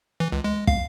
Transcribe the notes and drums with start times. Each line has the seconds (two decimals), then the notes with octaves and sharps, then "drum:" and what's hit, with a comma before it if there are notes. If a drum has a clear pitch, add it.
0.20 E3
0.32 C#2
0.44 G#3
0.67 F5, drum: kick